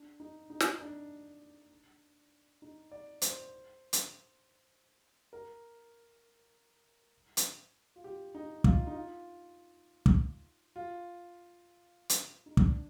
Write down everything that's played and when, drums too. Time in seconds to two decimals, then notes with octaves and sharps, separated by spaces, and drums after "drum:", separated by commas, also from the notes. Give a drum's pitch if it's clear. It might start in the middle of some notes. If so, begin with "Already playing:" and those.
Already playing: D4
0.20 D#4
0.50 D#4
0.60 drum: snare
0.80 D4
2.62 D#4
2.92 D5
3.22 C5, drum: hi-hat
3.93 drum: hi-hat
5.33 A#4
7.37 drum: hi-hat
7.96 F4
8.04 G4
8.35 D#4
8.64 F4, drum: kick
8.87 D#4
8.95 F4
10.06 drum: kick
10.76 F4
12.09 drum: hi-hat
12.46 D#4
12.57 D4, drum: kick